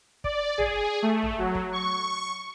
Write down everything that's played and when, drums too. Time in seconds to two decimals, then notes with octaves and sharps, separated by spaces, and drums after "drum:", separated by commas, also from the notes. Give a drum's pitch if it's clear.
0.24 D5, drum: kick
0.58 G#4, drum: tom
1.02 A3
1.22 drum: tom
1.39 F#3
1.55 drum: kick
1.73 C#6